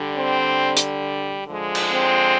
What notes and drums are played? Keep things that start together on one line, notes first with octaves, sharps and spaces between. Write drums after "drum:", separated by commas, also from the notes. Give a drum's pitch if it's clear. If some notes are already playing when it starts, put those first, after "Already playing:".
Already playing: D3 G3
C4
drum: hi-hat
D3 F3 G#3
drum: cymbal
C4